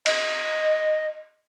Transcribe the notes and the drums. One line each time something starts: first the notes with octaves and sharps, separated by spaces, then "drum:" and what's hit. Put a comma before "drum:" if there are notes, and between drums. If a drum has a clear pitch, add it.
D#5, drum: cymbal